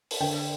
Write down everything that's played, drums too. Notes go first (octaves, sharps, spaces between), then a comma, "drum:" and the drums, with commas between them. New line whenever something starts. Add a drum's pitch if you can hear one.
drum: open hi-hat
D3 G5